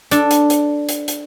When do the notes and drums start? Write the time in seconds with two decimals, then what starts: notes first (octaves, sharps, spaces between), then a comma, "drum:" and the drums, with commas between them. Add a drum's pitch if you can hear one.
0.11 D4 A4, drum: hi-hat
0.31 drum: hi-hat
0.50 drum: hi-hat
0.89 drum: hi-hat
1.08 drum: hi-hat